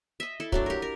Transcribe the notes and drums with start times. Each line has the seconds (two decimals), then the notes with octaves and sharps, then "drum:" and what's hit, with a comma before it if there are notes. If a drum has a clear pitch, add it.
0.20 D#5 E5
0.40 E4 A4
0.52 F#3 A3 D4, drum: kick
0.66 G4 A#4
0.82 A#4